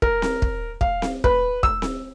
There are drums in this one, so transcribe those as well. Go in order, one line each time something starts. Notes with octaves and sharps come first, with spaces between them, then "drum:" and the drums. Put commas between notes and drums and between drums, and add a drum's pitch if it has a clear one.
A#4, drum: kick
drum: snare C4
drum: kick
F5, drum: kick
drum: snare C4
B4, drum: kick
E6, drum: kick
drum: snare C4